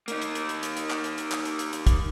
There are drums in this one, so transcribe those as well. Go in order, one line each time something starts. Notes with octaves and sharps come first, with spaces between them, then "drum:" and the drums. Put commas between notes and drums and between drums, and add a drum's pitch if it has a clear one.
A#3 D#4, drum: hi-hat
drum: hi-hat
drum: hi-hat
drum: hi-hat
drum: hi-hat
drum: hi-hat
drum: clap
drum: hi-hat
drum: hi-hat
drum: clap
drum: hi-hat
drum: hi-hat
drum: hi-hat
drum: kick, hi-hat